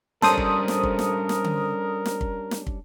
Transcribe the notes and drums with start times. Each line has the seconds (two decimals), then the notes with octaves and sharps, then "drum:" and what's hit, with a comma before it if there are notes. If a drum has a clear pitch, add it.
0.22 G3 C#4 D4 A4 A#4 C5 D#6, drum: snare
0.38 drum: kick
0.68 drum: snare
0.83 drum: kick
0.99 drum: snare
1.29 drum: snare
1.44 drum: tom D3
2.06 drum: snare
2.21 drum: kick
2.51 drum: snare
2.67 drum: kick